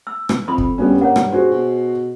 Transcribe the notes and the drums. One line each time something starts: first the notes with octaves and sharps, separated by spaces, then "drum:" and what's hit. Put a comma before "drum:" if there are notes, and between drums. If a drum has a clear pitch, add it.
E6
drum: rim click
F2 B5 C6 D#6
drum: kick
G2 G3 B3 C#4
A#3 C#5 F#5
drum: rim click
F#4 G#4 C5
B2